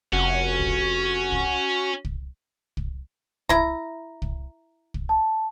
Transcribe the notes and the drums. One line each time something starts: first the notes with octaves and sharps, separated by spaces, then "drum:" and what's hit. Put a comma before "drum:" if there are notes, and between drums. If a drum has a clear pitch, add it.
F1 C#4 F#4
drum: kick
drum: kick
drum: kick
drum: kick
E4 A#5, drum: kick
drum: kick
drum: kick
A5